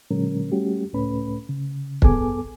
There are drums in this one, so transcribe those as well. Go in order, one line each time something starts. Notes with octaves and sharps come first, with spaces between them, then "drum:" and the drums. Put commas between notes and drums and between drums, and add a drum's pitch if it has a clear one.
A#2 D3 F#3 G#3 C#4 A#4
G3 A3 C#4 F#4 G4
C#2 A2 A3 C#4 B4 B5
C#3
G2 B3 G#4 A4 G#5 D6, drum: kick